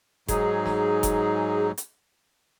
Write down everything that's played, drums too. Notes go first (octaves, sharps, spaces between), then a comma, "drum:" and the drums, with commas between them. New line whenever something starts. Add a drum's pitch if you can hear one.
G#2 F#3 D#4 G#4, drum: kick F1, hi-hat
drum: snare
drum: kick F1, hi-hat
drum: hi-hat